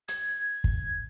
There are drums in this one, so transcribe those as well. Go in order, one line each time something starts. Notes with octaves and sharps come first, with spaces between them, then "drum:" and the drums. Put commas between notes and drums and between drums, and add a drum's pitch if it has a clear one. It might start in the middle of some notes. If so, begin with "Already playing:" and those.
G#6, drum: hi-hat
drum: kick